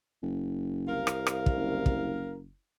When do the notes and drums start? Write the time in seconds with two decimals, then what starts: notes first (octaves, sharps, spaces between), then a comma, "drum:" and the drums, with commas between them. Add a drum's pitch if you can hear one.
0.23 F#1
0.87 C2 A#4 F5
1.07 drum: rim click
1.27 drum: rim click
1.46 drum: kick
1.57 F#1
1.86 drum: kick